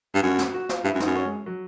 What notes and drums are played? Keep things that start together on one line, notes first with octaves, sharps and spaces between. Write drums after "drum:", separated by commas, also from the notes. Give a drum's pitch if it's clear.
G2
F#2 F#4
F#4, drum: snare
F#4
F4, drum: snare
G2 E4
F#2
D#4, drum: snare
F#2
C#4
G#3
F#3